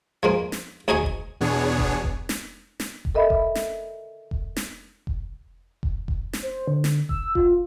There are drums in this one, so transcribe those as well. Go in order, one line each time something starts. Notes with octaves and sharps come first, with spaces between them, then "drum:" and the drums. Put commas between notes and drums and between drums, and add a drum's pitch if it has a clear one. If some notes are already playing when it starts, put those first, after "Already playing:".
F3 G#3 A#3
drum: snare
D2 D#4 G#4 D#5 C#6
drum: kick F1
E2 B2 B3 D4 G#4 C#5
drum: kick F1
drum: kick F1
drum: snare
drum: snare
drum: kick F1
A4 A#4 D#5 E5 B5
drum: kick F1
drum: snare
drum: kick F1
drum: snare
drum: kick F1
drum: kick F1
drum: kick F1
drum: snare
C5
D3
drum: snare
E6, drum: kick F1
F4, drum: kick F1